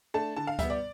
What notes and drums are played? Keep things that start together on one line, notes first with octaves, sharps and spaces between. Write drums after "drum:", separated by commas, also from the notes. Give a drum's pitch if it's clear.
A3 D4 A5
D3 A5
F5
G3 B3 E5, drum: kick C#2, hi-hat
D5